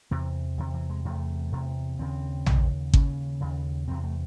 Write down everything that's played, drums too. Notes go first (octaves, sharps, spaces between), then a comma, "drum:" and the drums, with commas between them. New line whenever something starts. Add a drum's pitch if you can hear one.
E2 C3 E3
E2 C3 D#3
E3
G#3
E2 C3 A3
E2 C3
D#2 C#3 C4
D#2 C#3, drum: tom A#1
D#2 C#3 C#4, drum: kick G#1
D#2 C#3
E2 C3 C4
A3